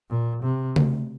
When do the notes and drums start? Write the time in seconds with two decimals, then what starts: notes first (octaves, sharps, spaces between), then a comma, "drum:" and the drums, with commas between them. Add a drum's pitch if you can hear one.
0.10 A#2
0.43 C3
0.76 drum: tom C#3